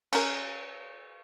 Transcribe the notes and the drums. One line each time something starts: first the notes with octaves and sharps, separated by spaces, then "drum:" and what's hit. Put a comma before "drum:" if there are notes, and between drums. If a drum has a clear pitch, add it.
C#4 A#4, drum: cymbal